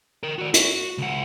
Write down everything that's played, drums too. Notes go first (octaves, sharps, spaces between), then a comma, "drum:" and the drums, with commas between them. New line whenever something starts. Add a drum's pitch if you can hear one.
A#4 G5
F#4 D5
F#4, drum: hi-hat
C#2 F#5